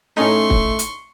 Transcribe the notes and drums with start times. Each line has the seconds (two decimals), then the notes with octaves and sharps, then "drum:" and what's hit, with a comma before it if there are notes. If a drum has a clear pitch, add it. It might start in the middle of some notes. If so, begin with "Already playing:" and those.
0.17 A2 A3 C#4 D#4 C6 C#6
0.50 drum: kick
0.79 drum: hi-hat